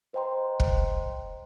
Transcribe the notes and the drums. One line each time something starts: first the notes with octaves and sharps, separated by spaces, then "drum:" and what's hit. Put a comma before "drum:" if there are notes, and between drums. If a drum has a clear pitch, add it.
B4 C5 D#5 G5 A#5 C6
drum: kick